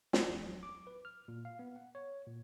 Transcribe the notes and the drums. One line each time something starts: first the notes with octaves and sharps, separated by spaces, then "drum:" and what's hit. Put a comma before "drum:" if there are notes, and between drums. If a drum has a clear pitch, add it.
B3, drum: snare
E2
F#3
D6
B4
F6
A#2
F5
B3
F#5
C#5
A#2